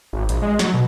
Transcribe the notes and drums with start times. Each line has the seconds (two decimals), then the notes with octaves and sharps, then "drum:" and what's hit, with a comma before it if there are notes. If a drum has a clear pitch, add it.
0.13 G#1
0.29 A#1, drum: hi-hat
0.42 G#3
0.59 F#3, drum: snare
0.74 B2